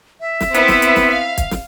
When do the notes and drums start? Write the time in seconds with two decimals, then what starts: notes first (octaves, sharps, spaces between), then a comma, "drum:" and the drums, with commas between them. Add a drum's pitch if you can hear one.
0.20 E5
0.41 drum: snare
0.54 B3 C4 E4 B4, drum: hi-hat
0.68 drum: snare
0.82 drum: hi-hat
0.96 drum: snare
1.11 F5
1.38 drum: kick, hi-hat
1.51 drum: snare